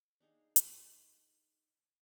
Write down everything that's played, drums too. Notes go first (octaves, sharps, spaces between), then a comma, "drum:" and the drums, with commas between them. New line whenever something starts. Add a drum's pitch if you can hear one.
D4 D#4 G#4 F5
drum: hi-hat